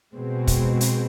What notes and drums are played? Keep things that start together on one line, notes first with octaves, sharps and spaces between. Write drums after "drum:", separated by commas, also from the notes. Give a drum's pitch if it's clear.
B2 G#3 C4
drum: kick, hi-hat
drum: hi-hat